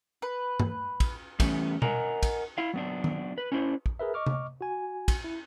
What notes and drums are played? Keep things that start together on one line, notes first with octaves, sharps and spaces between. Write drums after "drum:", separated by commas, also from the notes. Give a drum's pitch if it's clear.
B4
drum: tom G2
drum: kick, cymbal
E3 G3 A3 B3 C#4, drum: kick, cymbal
A#4 D#5 F#5 G#5 A#5, drum: tom B2
drum: kick, cymbal
E4 F5
F#3 B3 D4
drum: tom
B4
C#4 D4 E4 C5
drum: kick
G#4 A#4 B4 E5
D#5 C#6 D6 F6
drum: tom C3
F#4 G#5
drum: kick, cymbal
E4